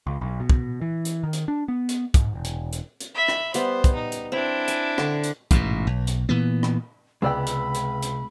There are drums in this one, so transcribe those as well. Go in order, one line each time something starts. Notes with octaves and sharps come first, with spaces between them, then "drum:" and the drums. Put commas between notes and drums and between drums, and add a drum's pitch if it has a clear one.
C#2
B1
B2
drum: kick
E3
drum: hi-hat
D#3
drum: hi-hat
D4
B3
drum: hi-hat
G#2, drum: kick, hi-hat
E1
drum: hi-hat
drum: hi-hat
drum: hi-hat
E5 B5
drum: rim click
G3 B3 C5, drum: hi-hat
drum: kick, hi-hat
D#4
drum: hi-hat
C4 D4 E4
G#5, drum: hi-hat
D3, drum: rim click
drum: hi-hat
A1 G#2 B2, drum: kick, hi-hat
B1
drum: hi-hat
A#2 E3 B3
drum: rim click
C#2 C3 G#3 B3 D5 G5 B5 E6
drum: hi-hat
drum: hi-hat
drum: hi-hat